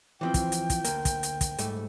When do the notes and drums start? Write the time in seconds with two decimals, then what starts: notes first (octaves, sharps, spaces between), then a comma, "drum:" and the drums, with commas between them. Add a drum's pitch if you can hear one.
0.21 E3 F3 C4 G5
0.34 drum: kick, hi-hat
0.52 drum: hi-hat
0.70 drum: kick, hi-hat
0.84 D2 A#3, drum: hi-hat
1.05 drum: kick, hi-hat
1.23 drum: hi-hat
1.41 drum: kick, hi-hat
1.58 G#2 G3 A3, drum: hi-hat